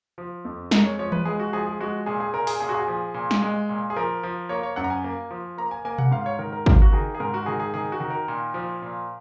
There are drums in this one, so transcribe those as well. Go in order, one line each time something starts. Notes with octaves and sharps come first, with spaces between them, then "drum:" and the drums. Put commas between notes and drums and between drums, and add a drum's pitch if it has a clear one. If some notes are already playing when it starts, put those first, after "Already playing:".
F3
F2
G#3 A#4, drum: snare
C#5
F3 C#5
B4, drum: tom E3
G#3 G#4
F#4
F3 G#4
G#4
G#3 F#4
A#2 G#4
G#4
A#2 A#4
G#4, drum: open hi-hat
A#2 G#4
F#4
G#4
F3
A#2
drum: snare
G#3
A#2
G#4
F3 A#4
F3
A#3 C#5
C#5
F#2 F#5
A#5
G#5
A#3
F3
A#3 A#5
G#5
A#3 G#5
F#5, drum: tom B2
G#2 F5
C#5
D#3 A#4
A#4
A#3, drum: kick
F#4
D#3 G#4
G#4
G#2 A#4
F#4
D#3 G#4
G#4
D#3 G#4
F#4
D#3
A#4
A#2
F3
A#2